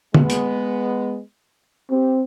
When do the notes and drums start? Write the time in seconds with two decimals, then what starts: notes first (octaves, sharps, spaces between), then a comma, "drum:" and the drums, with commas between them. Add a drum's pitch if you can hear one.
0.14 G#3 B3, drum: tom
0.30 drum: hi-hat
1.90 C4 G4